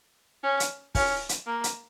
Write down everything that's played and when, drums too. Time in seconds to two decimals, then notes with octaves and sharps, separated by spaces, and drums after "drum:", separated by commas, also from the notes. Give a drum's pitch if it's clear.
0.43 C#4
0.60 drum: hi-hat
0.95 C#4, drum: kick, open hi-hat
1.29 drum: hi-hat
1.47 A#3
1.64 drum: hi-hat